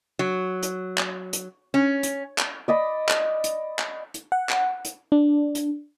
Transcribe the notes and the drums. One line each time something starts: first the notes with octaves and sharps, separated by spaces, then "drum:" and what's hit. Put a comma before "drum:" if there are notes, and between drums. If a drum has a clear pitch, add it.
F#3
drum: hi-hat
drum: clap
drum: hi-hat
C#4
drum: hi-hat
drum: clap
D5 D#5 B5
drum: clap
drum: hi-hat
drum: clap
drum: hi-hat
F#5
drum: clap
drum: hi-hat
D4
drum: hi-hat